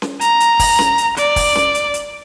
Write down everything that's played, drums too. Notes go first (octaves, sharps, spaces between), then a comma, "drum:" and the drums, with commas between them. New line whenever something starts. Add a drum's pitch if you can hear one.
drum: snare C#4
A#5, drum: hi-hat
drum: hi-hat
drum: kick, open hi-hat
drum: snare C#4
drum: hi-hat
D5, drum: hi-hat
drum: kick, open hi-hat
drum: snare C#4
drum: hi-hat
drum: hi-hat